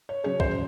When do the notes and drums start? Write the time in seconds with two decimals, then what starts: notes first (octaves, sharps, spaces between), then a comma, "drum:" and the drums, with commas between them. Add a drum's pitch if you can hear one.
0.09 C#5
0.24 C#3 F#3 C#4 G#4 C#5
0.40 C5, drum: kick